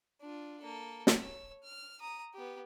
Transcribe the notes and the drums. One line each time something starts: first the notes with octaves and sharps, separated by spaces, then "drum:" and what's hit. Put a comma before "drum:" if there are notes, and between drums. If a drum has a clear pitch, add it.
D4 F4
A#3 A4
drum: snare
C#5 E6
F6
A#5 D#6
B3 G4